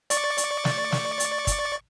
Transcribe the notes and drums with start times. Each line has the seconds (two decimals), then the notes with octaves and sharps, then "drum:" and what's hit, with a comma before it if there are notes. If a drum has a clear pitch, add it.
0.10 D5 C#6 A6, drum: hi-hat
0.38 drum: hi-hat
0.65 drum: snare
0.92 drum: snare
1.20 drum: hi-hat
1.47 drum: kick, hi-hat